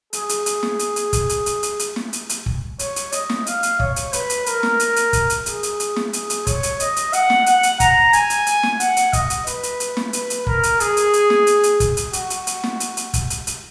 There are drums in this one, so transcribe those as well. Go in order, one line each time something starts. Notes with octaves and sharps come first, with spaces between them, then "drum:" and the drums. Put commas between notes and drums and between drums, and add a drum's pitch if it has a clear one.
G#4, drum: hi-hat
drum: hi-hat
drum: hi-hat
drum: snare
drum: hi-hat
drum: hi-hat
drum: kick, hi-hat
drum: hi-hat
drum: hi-hat
drum: hi-hat
drum: hi-hat
drum: snare
drum: hi-hat
drum: hi-hat
drum: kick
C#5, drum: hi-hat
drum: hi-hat
D#5, drum: hi-hat
drum: snare
F5, drum: hi-hat
drum: hi-hat
C#5, drum: kick
drum: hi-hat
B4, drum: hi-hat
drum: hi-hat
A#4, drum: hi-hat
drum: snare
drum: hi-hat
drum: hi-hat
drum: kick, hi-hat
drum: hi-hat
G#4, drum: hi-hat
drum: hi-hat
drum: hi-hat
drum: snare
G#4, drum: hi-hat
drum: hi-hat
C#5, drum: kick, hi-hat
drum: hi-hat
D#5, drum: hi-hat
drum: hi-hat
F#5, drum: hi-hat
drum: snare
F#5, drum: hi-hat
drum: hi-hat
A#5, drum: kick, hi-hat
G#5, drum: hi-hat
drum: hi-hat
drum: hi-hat
drum: snare
F#5, drum: hi-hat
drum: hi-hat
D#5, drum: kick, hi-hat
drum: hi-hat
B4, drum: hi-hat
drum: hi-hat
drum: hi-hat
drum: snare
B4, drum: hi-hat
drum: hi-hat
A#4, drum: kick
drum: hi-hat
G#4, drum: hi-hat
drum: hi-hat
drum: hi-hat
drum: snare
drum: hi-hat
drum: hi-hat
drum: kick, hi-hat
drum: hi-hat
F#4, drum: hi-hat
drum: hi-hat
drum: hi-hat
drum: snare
drum: hi-hat
drum: hi-hat
drum: kick, hi-hat
drum: hi-hat
drum: hi-hat